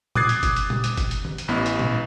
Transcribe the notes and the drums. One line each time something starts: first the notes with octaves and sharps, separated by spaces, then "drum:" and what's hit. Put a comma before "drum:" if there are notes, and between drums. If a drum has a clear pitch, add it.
D6 D#6 F#6 G#6 A6 C7, drum: tom A2
drum: hi-hat
drum: kick G1, hi-hat
drum: hi-hat
drum: tom A#2
drum: hi-hat
drum: kick G1, hi-hat
drum: hi-hat
drum: tom D#3
drum: hi-hat
A1 E3 B3 B5
drum: hi-hat
drum: tom A#2